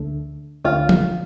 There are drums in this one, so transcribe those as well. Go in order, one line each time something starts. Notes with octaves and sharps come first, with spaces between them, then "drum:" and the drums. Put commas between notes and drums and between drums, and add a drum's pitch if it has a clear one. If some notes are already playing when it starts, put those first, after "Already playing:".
Already playing: D2 D3 A3
D2 D3 A3 F4
drum: tom F3